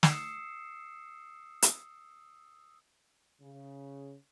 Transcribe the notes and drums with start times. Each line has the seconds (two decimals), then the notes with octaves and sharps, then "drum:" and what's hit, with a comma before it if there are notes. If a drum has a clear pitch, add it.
0.03 D#6 E6 C7 C#7 E7, drum: snare
1.62 drum: hi-hat
3.41 C#3